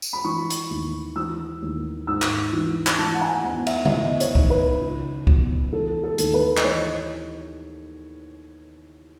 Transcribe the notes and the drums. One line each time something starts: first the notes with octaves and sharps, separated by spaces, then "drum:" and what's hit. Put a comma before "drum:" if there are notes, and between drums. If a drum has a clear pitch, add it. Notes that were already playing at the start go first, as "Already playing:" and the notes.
drum: tambourine
B5
E3 C#6
drum: hi-hat
D#2
E3 E6
D#2
G#2 E6
drum: clap
E3
drum: clap
E3 A5
F#5
G#5
E2 F#5
E5, drum: cymbal
E5, drum: tom C#3
E2 D#5
C#5, drum: hi-hat
D#3, drum: kick
B4
C#2
B2, drum: kick
E3 A4
A4
D#2, drum: hi-hat
B4
D#5, drum: clap
E3 C#5